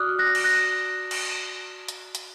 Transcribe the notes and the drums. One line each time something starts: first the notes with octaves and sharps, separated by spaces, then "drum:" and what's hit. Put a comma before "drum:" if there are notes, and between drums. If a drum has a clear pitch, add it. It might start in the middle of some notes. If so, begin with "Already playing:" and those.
Already playing: F#4 D5 D6 D#6 F6 F#6
F#6 A#6
drum: cymbal
F#6 A#6
drum: cymbal
drum: hi-hat
drum: hi-hat